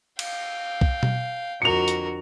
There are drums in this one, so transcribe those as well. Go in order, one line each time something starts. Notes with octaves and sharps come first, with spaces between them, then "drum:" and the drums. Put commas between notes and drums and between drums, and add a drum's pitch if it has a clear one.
F5 G5, drum: cymbal
drum: kick
drum: tom B2
F2 D3 F#4 A#4 C#7 F7
drum: hi-hat